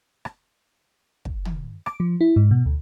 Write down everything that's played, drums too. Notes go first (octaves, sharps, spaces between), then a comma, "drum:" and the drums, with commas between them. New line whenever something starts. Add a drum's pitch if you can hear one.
drum: rim click
drum: kick
drum: tom
D6, drum: rim click
F3
E4
G#2
B2
D2